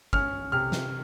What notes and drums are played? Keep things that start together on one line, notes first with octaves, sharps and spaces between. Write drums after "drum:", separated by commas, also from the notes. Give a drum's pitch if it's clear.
C#4 F6, drum: kick
C3 F6
drum: snare